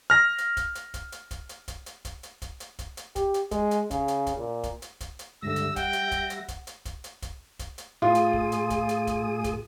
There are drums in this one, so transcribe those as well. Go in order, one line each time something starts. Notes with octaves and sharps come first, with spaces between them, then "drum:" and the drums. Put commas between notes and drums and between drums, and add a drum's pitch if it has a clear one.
F6 A#6
drum: hi-hat
drum: kick, hi-hat
drum: hi-hat
drum: kick, hi-hat
drum: hi-hat
drum: kick, hi-hat
drum: hi-hat
drum: kick, hi-hat
drum: hi-hat
drum: kick, hi-hat
drum: hi-hat
drum: kick, hi-hat
drum: hi-hat
drum: kick, hi-hat
drum: hi-hat
G4, drum: kick, hi-hat
drum: hi-hat
G#3, drum: kick, hi-hat
drum: hi-hat
C#3, drum: kick, hi-hat
drum: hi-hat
drum: kick, hi-hat
A#2
drum: kick, hi-hat
drum: hi-hat
drum: kick, hi-hat
drum: hi-hat
C#2 G2 D3 G3 E5 E6 A#6
drum: hi-hat
F#5 G5, drum: kick, hi-hat
drum: hi-hat
drum: kick, hi-hat
drum: hi-hat
drum: kick, hi-hat
drum: hi-hat
drum: kick, hi-hat
drum: hi-hat
drum: kick, hi-hat
drum: kick, hi-hat
drum: hi-hat
A2 F4 G#4 D#6
drum: hi-hat
drum: kick
drum: hi-hat
drum: kick, hi-hat
drum: hi-hat
drum: kick, hi-hat
drum: kick, hi-hat